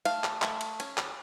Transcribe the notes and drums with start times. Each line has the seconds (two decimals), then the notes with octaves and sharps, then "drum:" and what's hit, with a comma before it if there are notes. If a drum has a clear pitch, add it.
0.05 A3 F5, drum: cymbal
0.24 drum: clap
0.42 A3, drum: clap
0.61 drum: cymbal
0.80 C#4, drum: cymbal
0.98 drum: clap